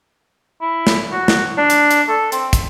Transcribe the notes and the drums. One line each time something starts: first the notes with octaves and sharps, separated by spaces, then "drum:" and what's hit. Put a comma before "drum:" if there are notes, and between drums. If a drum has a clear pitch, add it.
E4
drum: snare
F#4
drum: snare
D4
drum: hi-hat
drum: hi-hat
A4
C4, drum: hi-hat
drum: kick, hi-hat